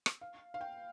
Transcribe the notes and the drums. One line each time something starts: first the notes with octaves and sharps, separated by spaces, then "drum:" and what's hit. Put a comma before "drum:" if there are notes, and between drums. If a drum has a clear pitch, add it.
drum: rim click
F5
F5
G5